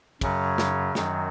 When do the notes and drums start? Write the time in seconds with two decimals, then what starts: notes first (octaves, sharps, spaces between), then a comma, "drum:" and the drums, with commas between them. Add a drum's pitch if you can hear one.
0.21 F#2 C#3 F#3 C#4, drum: kick, cymbal
0.58 drum: snare
0.95 F#2 D#3 F#3, drum: snare